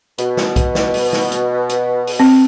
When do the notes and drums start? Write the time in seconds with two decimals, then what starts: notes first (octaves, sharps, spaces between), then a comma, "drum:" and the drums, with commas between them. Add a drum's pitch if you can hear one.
0.18 B2, drum: hi-hat
0.37 drum: snare
0.56 drum: kick B1, hi-hat
0.75 drum: snare
0.94 drum: open hi-hat
1.13 drum: snare
1.32 drum: hi-hat
1.69 drum: hi-hat
2.07 drum: open hi-hat
2.20 C4